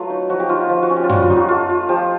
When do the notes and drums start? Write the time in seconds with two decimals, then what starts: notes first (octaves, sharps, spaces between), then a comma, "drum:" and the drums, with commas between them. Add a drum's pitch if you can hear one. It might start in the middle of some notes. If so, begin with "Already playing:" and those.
Already playing: F#3 A3 F4 B4
0.10 D#4
0.29 F3 F#4
0.40 G4
0.49 D#4 F4
0.60 F#4
0.69 F3 F4
0.83 F#4
0.90 C#4
0.96 G4
1.04 F4
1.09 G3 F#4, drum: tom
1.22 F4
1.30 D#4
1.36 F#4
1.49 A3 F4
1.69 F4
1.89 F3 G4